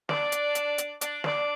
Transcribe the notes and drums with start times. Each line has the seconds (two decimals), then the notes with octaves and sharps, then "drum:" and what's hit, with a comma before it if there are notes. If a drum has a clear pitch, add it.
0.09 D4 D5, drum: snare
0.32 drum: hi-hat
0.55 drum: hi-hat
0.78 drum: hi-hat
1.01 D4 D5, drum: hi-hat
1.24 D4 D5, drum: snare